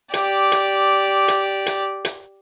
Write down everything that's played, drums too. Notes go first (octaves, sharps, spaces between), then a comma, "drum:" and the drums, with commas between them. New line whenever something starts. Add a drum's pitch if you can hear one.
G4 D5, drum: hi-hat
drum: hi-hat
drum: hi-hat
drum: hi-hat
drum: hi-hat